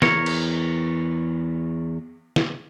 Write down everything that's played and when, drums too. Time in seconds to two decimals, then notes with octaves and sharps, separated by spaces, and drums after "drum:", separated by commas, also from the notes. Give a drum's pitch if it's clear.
0.02 E2 A#4 C#5, drum: snare
0.26 drum: cymbal
2.36 drum: snare